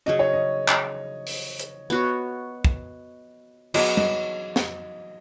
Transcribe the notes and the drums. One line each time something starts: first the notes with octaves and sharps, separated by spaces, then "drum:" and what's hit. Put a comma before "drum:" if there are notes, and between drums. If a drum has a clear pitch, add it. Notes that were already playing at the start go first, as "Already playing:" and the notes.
C#3 F#3 C#4 G#4 D#5
C#5
D#5
drum: clap
drum: open hi-hat
drum: hi-hat
B3 F#4 C#5
drum: kick
F#3 B3 G#4 C#5 D#5, drum: cymbal
D#5, drum: tom G3
drum: snare